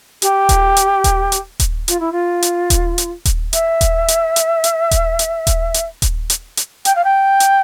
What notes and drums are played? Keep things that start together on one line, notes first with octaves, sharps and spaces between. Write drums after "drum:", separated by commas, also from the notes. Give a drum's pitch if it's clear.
G4, drum: hi-hat
drum: kick D#1, hi-hat
drum: hi-hat
drum: kick D#1, hi-hat
drum: hi-hat
drum: kick D#1, hi-hat
F4, drum: hi-hat
E4
F4
drum: hi-hat
drum: kick D#1, hi-hat
drum: hi-hat
drum: kick D#1, hi-hat
E5, drum: hi-hat
drum: kick D#1, hi-hat
drum: hi-hat
drum: hi-hat
drum: hi-hat
drum: kick D#1, hi-hat
drum: hi-hat
drum: kick D#1, hi-hat
drum: hi-hat
drum: kick D#1, hi-hat
drum: hi-hat
drum: hi-hat
G5, drum: hi-hat
F5
G5
drum: hi-hat